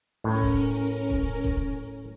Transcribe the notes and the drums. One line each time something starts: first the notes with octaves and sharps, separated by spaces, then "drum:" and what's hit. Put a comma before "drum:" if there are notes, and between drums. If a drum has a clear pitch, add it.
A2 C#4 A#4
drum: kick D#1
drum: kick D#1
drum: kick D#1